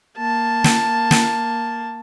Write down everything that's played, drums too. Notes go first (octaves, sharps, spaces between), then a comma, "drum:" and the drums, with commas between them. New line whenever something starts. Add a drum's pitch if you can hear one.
A#3 A5
drum: snare
drum: snare